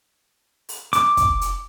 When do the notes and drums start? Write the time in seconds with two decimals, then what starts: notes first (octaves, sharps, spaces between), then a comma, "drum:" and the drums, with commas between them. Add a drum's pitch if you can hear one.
0.69 drum: open hi-hat
0.93 D6, drum: hi-hat
1.17 drum: kick, hi-hat
1.41 drum: hi-hat